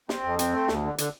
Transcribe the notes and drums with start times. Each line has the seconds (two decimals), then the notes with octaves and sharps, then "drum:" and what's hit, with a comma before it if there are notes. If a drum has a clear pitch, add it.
0.09 C4, drum: snare
0.24 F2
0.39 C4, drum: hi-hat
0.53 A3
0.68 D2, drum: snare
0.83 D3
0.98 D3, drum: hi-hat